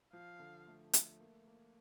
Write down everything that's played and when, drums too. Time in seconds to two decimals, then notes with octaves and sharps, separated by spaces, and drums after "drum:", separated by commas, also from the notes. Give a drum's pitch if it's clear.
0.13 F3 F5
0.39 D3
0.67 A3
0.93 A3, drum: hi-hat
1.20 A#3
1.47 A#3